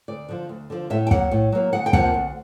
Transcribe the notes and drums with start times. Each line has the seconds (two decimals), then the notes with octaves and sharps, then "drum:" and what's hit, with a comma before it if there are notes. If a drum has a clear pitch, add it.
0.08 D2 D5
0.29 D3 F3
0.49 D2
0.70 D3 F3
0.90 A2 E5
1.07 G5
1.11 F#3 A#3 F#5, drum: kick
1.31 A2
1.52 F#3 A#3
1.73 D2 F#5
1.86 G5
1.93 C3 F3 A#3 F#5, drum: kick
2.14 D2